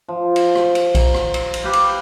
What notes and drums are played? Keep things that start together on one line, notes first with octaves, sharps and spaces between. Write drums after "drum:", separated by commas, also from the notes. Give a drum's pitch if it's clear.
F3
drum: cymbal
drum: rim click
drum: cymbal
A#5, drum: kick B1, cymbal
drum: rim click
drum: cymbal
drum: cymbal
G4 B4 F5 G5
drum: cymbal